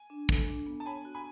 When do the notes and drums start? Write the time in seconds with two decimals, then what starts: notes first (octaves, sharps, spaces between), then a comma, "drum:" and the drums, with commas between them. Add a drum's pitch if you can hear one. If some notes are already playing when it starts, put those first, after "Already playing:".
Already playing: G#5
0.10 D4
0.29 A4, drum: kick
0.48 D4
0.67 B3
0.80 A5
0.86 C#5 G#5 B5
1.05 F#4
1.15 G#5 B5